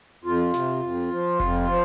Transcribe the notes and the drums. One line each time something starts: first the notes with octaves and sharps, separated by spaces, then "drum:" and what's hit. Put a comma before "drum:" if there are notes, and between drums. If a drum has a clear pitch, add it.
F2 F4
C3, drum: snare
F2
F3
F2, drum: kick F1
F3